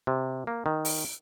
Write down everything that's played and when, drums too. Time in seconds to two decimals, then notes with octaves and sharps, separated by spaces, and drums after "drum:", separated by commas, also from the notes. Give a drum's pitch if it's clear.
0.07 C3
0.47 A#3
0.66 D#3
0.85 drum: open hi-hat